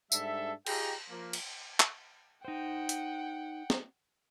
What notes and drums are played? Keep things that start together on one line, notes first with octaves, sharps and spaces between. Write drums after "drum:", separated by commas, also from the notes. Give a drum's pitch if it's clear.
G#2 G3 D4 A4 E5, drum: tambourine
F4 G4 G#4 D#5 G5 A#5, drum: cymbal
F3 A#3
drum: cymbal
drum: clap
D#4 C5 F#5 G5
drum: hi-hat
drum: snare